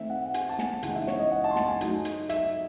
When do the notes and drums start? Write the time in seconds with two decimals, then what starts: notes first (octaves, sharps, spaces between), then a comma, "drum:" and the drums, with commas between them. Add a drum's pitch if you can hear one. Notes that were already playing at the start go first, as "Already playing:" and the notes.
Already playing: D#3 A3 C4 E5
0.10 F#5
0.26 F#5
0.34 G#5, drum: hi-hat
0.49 A5
0.59 G#5, drum: snare
0.83 C#3 E3 G#3 D#4 F#5, drum: hi-hat
0.95 E5
1.07 C#5, drum: snare
1.19 D#5
1.31 F#5
1.44 A5
1.51 C6
1.56 A5, drum: snare
1.68 G#5
1.81 F#3 A3 D#4, drum: hi-hat
2.05 drum: hi-hat
2.29 E5, drum: hi-hat